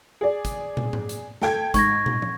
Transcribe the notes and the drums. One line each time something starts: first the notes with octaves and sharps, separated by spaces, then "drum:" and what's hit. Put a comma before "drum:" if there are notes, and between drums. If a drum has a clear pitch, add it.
G#4 D5
drum: kick, hi-hat
drum: tom
drum: tom G#2
drum: hi-hat
A4 G5 G#6, drum: snare
G#2 C#6 G#6 A#6, drum: kick, hi-hat
drum: tom
drum: tom